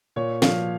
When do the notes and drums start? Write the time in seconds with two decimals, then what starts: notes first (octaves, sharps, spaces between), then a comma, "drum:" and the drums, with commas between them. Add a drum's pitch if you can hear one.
0.16 A#2 C#5
0.42 F3 F5, drum: snare